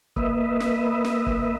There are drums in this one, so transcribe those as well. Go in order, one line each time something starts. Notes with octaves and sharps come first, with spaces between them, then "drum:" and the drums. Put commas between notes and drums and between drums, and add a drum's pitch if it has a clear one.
A#3 B4 D#5 E5, drum: kick
drum: snare
drum: snare
drum: kick